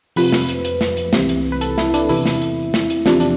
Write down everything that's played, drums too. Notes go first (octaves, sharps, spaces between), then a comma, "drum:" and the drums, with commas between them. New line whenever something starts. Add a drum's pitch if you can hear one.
F2 C3 F3 B4, drum: open hi-hat
drum: snare
drum: hi-hat
drum: hi-hat
drum: snare
drum: hi-hat
C2 C3 E3, drum: snare
drum: hi-hat
B4
A4, drum: hi-hat
E4, drum: snare
D4, drum: hi-hat
E2 C3 E3 E4, drum: open hi-hat
drum: snare
drum: hi-hat
drum: snare
drum: hi-hat
E2 C3 F3 D4, drum: snare
D4, drum: hi-hat